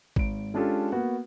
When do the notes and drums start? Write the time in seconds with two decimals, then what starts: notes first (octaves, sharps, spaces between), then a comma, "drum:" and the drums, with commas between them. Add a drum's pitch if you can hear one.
0.16 G#1 D7, drum: kick
0.54 G#3 C#4 D4 F4 G4 A4
0.92 A#3 B3 F#4